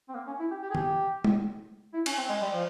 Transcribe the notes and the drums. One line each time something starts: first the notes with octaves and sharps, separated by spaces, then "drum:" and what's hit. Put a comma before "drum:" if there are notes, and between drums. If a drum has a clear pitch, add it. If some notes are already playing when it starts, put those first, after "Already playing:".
C4
A#3
C#4
E4
G4
G4
G#4
G4, drum: tom
drum: tom
E4
C#4, drum: cymbal
C4
G#3
G3
F3